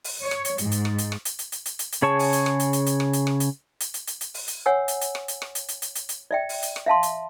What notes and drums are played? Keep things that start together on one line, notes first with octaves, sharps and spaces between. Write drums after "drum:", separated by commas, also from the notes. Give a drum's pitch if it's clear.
drum: open hi-hat
C#5
drum: rim click
drum: hi-hat
G#2, drum: hi-hat
drum: hi-hat
drum: rim click
drum: hi-hat
drum: rim click
drum: hi-hat
drum: hi-hat
drum: hi-hat
drum: hi-hat
drum: hi-hat
drum: hi-hat
C#3 G#4 C#5 A5 C#6
drum: open hi-hat
drum: hi-hat
drum: rim click
drum: hi-hat
drum: hi-hat
drum: hi-hat
drum: rim click
drum: hi-hat
drum: rim click
drum: hi-hat
drum: hi-hat
drum: hi-hat
drum: hi-hat
drum: hi-hat
drum: open hi-hat
drum: hi-hat
C#5 F#5 G#5 E6
drum: hi-hat
drum: hi-hat
drum: rim click
drum: hi-hat
drum: rim click
drum: hi-hat
drum: hi-hat
drum: hi-hat
drum: hi-hat
drum: hi-hat
D5 E5 G5
drum: open hi-hat
drum: hi-hat
drum: rim click
E5 F5 A5 C6
drum: hi-hat